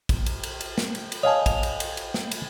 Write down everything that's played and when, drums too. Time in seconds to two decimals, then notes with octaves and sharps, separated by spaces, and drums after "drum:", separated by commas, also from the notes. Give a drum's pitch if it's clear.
0.09 drum: kick, cymbal
0.26 drum: cymbal
0.43 drum: cymbal
0.61 drum: cymbal
0.78 drum: snare
0.95 drum: cymbal
1.12 drum: cymbal
1.23 C#5 D#5 F5 G#5 A5
1.46 F7, drum: kick, cymbal
1.63 drum: cymbal
1.80 drum: cymbal
1.97 drum: cymbal
2.14 drum: snare
2.31 drum: cymbal